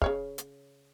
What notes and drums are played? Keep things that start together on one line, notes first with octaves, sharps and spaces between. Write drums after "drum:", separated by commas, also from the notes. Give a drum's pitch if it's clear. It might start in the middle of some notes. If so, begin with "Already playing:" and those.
C#3 C#5 F5, drum: kick
drum: hi-hat